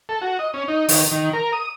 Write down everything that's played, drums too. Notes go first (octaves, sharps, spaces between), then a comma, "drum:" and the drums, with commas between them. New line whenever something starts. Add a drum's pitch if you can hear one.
A4
F#4
D#5
C#4
D#4
D#3, drum: open hi-hat
D#3
A#4
D#6